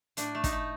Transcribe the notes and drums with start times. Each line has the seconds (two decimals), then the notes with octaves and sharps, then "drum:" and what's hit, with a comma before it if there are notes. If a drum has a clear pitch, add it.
0.17 A2 D4, drum: hi-hat
0.35 A3
0.44 D#4, drum: kick, hi-hat
0.52 A3